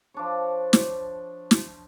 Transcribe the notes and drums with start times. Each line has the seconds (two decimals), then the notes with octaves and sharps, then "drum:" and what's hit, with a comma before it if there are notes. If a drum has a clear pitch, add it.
0.14 F3 D4 C#5
0.73 drum: snare
1.51 drum: snare